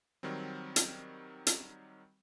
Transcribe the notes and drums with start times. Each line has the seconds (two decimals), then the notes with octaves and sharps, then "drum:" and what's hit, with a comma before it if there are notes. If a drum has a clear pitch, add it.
0.23 D#3 F#3 G3 C4
0.76 drum: hi-hat
1.47 drum: hi-hat